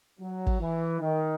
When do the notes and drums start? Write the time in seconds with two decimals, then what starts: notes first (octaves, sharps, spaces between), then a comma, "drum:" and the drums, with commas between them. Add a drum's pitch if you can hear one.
0.20 F#3
0.47 drum: kick
0.60 E3
1.00 D#3